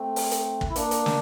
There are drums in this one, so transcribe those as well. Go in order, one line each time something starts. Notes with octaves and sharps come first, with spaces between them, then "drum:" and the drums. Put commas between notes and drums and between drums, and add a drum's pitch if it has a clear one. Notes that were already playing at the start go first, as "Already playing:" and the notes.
Already playing: A3 C4
drum: open hi-hat
drum: hi-hat
drum: kick
E4
A#3 D4, drum: hi-hat
drum: hi-hat
drum: snare